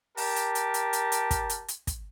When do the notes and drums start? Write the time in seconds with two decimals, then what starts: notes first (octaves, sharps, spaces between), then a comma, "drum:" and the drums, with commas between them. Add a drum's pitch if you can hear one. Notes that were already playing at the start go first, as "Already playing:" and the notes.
0.17 G4 A#4 A5, drum: open hi-hat
0.36 drum: hi-hat
0.55 drum: hi-hat
0.74 drum: hi-hat
0.93 drum: hi-hat
1.12 drum: hi-hat
1.31 drum: kick, hi-hat
1.50 drum: hi-hat
1.68 drum: hi-hat
1.87 drum: kick, hi-hat